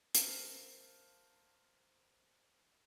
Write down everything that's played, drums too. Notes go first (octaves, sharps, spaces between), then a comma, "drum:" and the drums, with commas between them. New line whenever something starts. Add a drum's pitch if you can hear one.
A#4 C5 F5 A5, drum: hi-hat